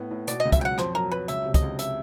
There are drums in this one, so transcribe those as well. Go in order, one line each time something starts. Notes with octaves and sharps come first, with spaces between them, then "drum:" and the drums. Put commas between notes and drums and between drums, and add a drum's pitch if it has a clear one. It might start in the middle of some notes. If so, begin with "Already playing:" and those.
Already playing: A2 B3
A2
B2 D5, drum: hi-hat
D#5
C#2
E5, drum: kick, hi-hat
F#3 F#5 G5
F2 C5, drum: rim click
F#3 A#4
F#3 B4
C#2 E5, drum: hi-hat
C3
D#5, drum: kick, hi-hat
C#2
E5, drum: hi-hat